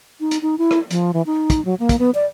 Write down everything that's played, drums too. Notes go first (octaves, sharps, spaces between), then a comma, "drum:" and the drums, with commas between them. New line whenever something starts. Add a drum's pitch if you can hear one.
D#4
drum: hi-hat
D#4
E4
drum: rim click
F3, drum: hi-hat
E3
D#4
drum: kick, hi-hat
F#3
A#3
drum: kick, hi-hat
B3
D5